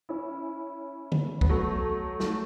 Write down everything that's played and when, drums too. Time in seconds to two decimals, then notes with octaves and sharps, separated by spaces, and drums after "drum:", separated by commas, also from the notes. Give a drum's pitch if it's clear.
0.09 C#4 E4
1.12 drum: tom
1.41 B3, drum: kick
1.49 F#3 A3
2.20 F#3 A3, drum: snare